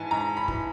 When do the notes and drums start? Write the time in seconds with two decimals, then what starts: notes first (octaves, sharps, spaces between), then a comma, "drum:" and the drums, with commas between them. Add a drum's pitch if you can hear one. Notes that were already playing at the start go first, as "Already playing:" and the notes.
Already playing: G#2 E3 G#5 A5
0.11 G#2 A#5
0.37 B5
0.48 E3, drum: kick